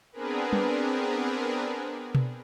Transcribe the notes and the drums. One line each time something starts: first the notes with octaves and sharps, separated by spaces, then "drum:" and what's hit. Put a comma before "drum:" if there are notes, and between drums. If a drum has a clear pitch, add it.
B3 C4 D4 G#4 A#4 B4
drum: tom
drum: tom B2